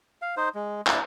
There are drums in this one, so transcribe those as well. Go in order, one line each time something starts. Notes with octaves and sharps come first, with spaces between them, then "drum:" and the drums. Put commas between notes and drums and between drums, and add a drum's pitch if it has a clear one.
F5
D#4 C5
G#3
D4 E4 A5, drum: clap